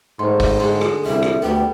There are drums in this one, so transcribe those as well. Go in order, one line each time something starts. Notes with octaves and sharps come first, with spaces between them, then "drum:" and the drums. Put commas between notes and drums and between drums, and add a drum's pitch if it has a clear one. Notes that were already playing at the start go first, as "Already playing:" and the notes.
G#2 A3 C5 C6
drum: kick, open hi-hat
D3 G#3 G#4 C6
drum: rim click
C2 G3 E5
drum: rim click
D2 B3 G5